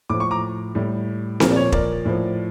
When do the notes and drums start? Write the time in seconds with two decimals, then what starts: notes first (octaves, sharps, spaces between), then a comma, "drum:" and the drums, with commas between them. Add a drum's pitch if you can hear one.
0.10 A2 F3 D6
0.20 C#6
0.31 A#5 D6
0.75 A2 G3
1.40 A#2 F3 A#4, drum: snare C4
1.51 D5
1.56 C#5
1.72 A#4 D5, drum: kick
2.05 A2 F3